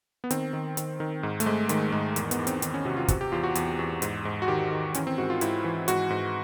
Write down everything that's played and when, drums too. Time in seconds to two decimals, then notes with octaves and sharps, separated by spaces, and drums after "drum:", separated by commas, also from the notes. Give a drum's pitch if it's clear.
0.24 B3
0.31 D#3 C4, drum: hi-hat
0.53 D#3
0.77 D#3, drum: hi-hat
1.00 D#3
1.23 G#2
1.40 A3, drum: hi-hat
1.46 G#2 G#3
1.69 D#3 G#3, drum: hi-hat
1.92 G#2 G#3
2.16 E2, drum: hi-hat
2.31 B3, drum: hi-hat
2.39 E2
2.47 C4, drum: hi-hat
2.62 D#3 C4, drum: hi-hat
2.74 C#4
2.85 C3 F#4
2.97 F4
3.08 C3 F#4, drum: kick, hi-hat
3.21 G4
3.32 E2 F4
3.43 F#4
3.55 E2, drum: hi-hat
3.79 E2
4.02 G#2, drum: hi-hat
4.25 G#2
4.42 F#4
4.48 D#3 G4
4.71 D#3
4.94 E3 C#4, drum: hi-hat
5.07 C4
5.18 G#2 F#4
5.30 F4
5.41 G#2 E4, drum: hi-hat
5.65 E3
5.88 G#2 F#4, drum: hi-hat
6.10 G#2